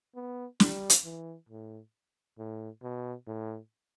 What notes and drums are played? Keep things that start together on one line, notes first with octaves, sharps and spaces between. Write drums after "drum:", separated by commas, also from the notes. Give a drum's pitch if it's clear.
B3
G3, drum: snare
drum: hi-hat
E3
A2
A2
B2
A2